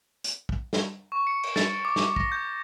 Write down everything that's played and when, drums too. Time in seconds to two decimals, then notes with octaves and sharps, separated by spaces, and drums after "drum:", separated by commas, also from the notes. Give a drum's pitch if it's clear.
0.24 drum: hi-hat
0.49 drum: kick
0.73 drum: snare
1.12 C#6
1.27 C#7
1.43 drum: cymbal
1.56 A6, drum: snare
1.85 D6
1.96 drum: snare
2.16 A#6, drum: kick
2.32 G6